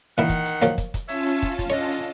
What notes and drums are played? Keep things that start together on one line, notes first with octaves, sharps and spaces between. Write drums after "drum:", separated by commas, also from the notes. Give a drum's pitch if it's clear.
A#2 D#3 E3 E4 F#5
drum: kick, hi-hat
drum: hi-hat
F3 F#3 A#3, drum: hi-hat
drum: kick, hi-hat
drum: kick, hi-hat
C#4 F4 C#5 E5 A5, drum: hi-hat
drum: hi-hat
drum: kick, hi-hat
drum: kick, hi-hat
D3 C#5 D#5
drum: hi-hat